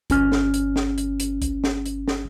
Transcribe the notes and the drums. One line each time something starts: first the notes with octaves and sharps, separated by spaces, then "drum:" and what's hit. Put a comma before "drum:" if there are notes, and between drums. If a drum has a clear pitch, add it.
G1 C#4 F6, drum: kick C2, hi-hat
drum: snare
drum: hi-hat
drum: snare
drum: hi-hat
drum: hi-hat
drum: kick C2, hi-hat
drum: snare
drum: hi-hat
drum: snare